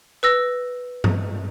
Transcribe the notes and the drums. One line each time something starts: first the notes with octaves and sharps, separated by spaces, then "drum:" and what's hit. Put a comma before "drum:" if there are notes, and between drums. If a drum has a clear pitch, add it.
B4 E6 A#6
drum: tom G2